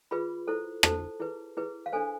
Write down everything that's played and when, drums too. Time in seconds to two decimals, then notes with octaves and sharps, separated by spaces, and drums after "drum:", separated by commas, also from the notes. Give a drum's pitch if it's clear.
0.11 F4 G#4 B4 B5
0.48 E4 A4 C5
0.83 E4 A4 C5 A5, drum: rim click
1.20 E4 G#4 B4
1.57 E4 G#4 B4
1.86 F5
1.92 D4 A4 C5 G#5